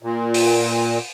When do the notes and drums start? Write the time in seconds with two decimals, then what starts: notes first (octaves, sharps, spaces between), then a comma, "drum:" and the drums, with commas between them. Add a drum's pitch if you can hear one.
0.03 A#2
0.34 drum: open hi-hat